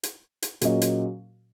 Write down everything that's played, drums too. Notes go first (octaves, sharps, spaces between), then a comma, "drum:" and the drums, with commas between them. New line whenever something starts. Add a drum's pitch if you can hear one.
drum: hi-hat
drum: hi-hat
A#2 F#3 C#4 G#4 D#5, drum: hi-hat
drum: hi-hat